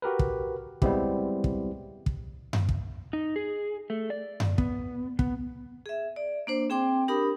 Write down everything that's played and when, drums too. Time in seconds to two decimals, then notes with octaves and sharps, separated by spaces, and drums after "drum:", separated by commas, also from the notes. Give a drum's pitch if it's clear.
0.02 F#4 G4 A#4 B4
0.19 drum: kick
0.82 G3 G#3 B3 C4 E4 G4, drum: kick
1.44 drum: kick
2.06 drum: kick
2.53 drum: tom F#2
2.69 drum: kick
3.13 D#4
3.36 G#4
3.90 A3
4.10 D5
4.40 drum: tom F#2
4.58 B3, drum: kick
5.19 B3, drum: kick
5.86 G#4 E5
6.16 D5
6.47 A#3 D4 C5
6.70 C4 G#4 G5 C6 D6
7.08 D4 G4 A#4 B5 D#6